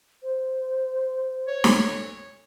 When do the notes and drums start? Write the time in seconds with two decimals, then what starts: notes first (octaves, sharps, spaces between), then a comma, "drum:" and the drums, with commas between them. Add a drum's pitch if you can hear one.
0.23 C5
1.48 C#5
1.64 drum: snare